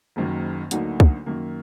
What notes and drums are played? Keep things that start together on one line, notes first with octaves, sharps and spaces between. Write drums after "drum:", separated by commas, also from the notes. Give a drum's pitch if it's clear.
F#1 F#2 D#3 F#3 A#3
D2 D3 F#3 A#3 D#4, drum: hi-hat
drum: kick
F#2 D#3 A#3